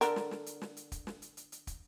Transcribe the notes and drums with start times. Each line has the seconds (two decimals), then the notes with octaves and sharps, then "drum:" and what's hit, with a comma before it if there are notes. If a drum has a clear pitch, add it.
0.01 D3 A4 A#4, drum: hi-hat
0.16 drum: snare
0.31 drum: snare
0.46 drum: hi-hat
0.62 drum: snare
0.77 drum: hi-hat
0.92 drum: kick, hi-hat
1.07 drum: snare
1.22 drum: hi-hat
1.37 drum: hi-hat
1.52 drum: hi-hat
1.67 drum: kick, hi-hat